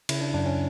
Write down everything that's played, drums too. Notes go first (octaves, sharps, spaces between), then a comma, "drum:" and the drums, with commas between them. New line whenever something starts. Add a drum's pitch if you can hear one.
C#3 E4, drum: cymbal
D4
F#2 D4
C#4